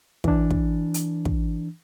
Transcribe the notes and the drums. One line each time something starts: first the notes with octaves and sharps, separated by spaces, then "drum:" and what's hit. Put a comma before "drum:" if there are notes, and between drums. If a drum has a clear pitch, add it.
E3 D4, drum: kick
drum: kick
drum: hi-hat
drum: kick